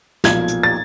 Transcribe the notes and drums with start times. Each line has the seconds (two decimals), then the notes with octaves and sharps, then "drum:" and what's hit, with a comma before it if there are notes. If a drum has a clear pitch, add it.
0.24 B1 A#2 F3 G#6, drum: snare
0.48 drum: hi-hat
0.63 A6